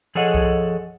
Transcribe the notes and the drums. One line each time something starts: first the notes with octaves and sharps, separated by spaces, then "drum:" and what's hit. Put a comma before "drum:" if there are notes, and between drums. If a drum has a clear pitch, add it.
F3 G#4 A4 C#5 D#5 F#5
drum: kick C2